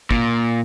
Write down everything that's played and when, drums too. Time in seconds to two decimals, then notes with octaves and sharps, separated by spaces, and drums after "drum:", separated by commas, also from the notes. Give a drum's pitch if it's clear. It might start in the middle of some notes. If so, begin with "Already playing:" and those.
0.11 A#2, drum: kick